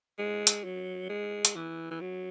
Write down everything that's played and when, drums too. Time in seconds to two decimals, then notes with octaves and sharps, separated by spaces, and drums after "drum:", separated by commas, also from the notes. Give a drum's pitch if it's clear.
0.19 G#3
0.47 drum: hi-hat
0.64 F#3
1.09 G#3
1.45 drum: hi-hat
1.56 E3
1.91 E3
2.01 F#3